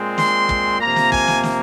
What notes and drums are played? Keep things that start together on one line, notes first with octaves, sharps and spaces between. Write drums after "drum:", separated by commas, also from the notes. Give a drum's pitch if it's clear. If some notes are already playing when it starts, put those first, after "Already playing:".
Already playing: A#2 G#3 C4
C6, drum: snare
drum: kick
C3 F3 A#3 A#5
drum: snare
G#5, drum: kick
drum: snare
drum: snare